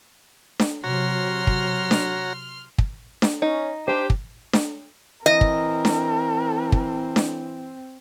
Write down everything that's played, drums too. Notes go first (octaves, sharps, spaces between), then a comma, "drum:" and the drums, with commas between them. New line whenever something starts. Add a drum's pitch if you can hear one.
drum: snare D4
C3 F#3 F#4 C#5 A#5 C6 F6
drum: kick
drum: snare D4
drum: kick
drum: snare D4
C#4 D#4
D4 G4 C5
drum: kick
drum: snare D4
E3 C4 A#4 D#5
drum: kick
drum: snare D4
drum: kick
drum: snare D4